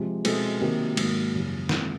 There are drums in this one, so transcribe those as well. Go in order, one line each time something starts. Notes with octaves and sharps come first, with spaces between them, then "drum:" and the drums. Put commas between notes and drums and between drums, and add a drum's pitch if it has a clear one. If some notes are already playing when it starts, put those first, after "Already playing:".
Already playing: C3 F3 G#3
B2 G#3 C4 E4 A4, drum: cymbal
C3 D#3 F#3 A#3
G#2 D#3 F#3 A#3, drum: cymbal
F#2 C#3 E3 G3
C3 D#3 G#3 C4 E4, drum: snare